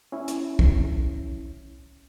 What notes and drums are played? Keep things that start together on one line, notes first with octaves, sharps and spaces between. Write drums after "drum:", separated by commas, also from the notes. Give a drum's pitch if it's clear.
C#4 E4
drum: hi-hat
drum: kick